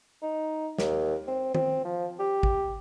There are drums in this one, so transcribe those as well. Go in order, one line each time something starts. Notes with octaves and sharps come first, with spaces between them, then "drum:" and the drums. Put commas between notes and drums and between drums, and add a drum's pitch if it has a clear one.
D#4
D#2, drum: snare
C4
C4, drum: tom D#3
F3
G4
drum: kick